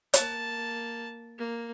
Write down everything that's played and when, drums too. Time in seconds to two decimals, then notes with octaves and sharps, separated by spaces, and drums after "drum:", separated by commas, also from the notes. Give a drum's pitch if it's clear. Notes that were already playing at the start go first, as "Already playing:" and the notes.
0.14 A#3 A5, drum: hi-hat
1.38 A#3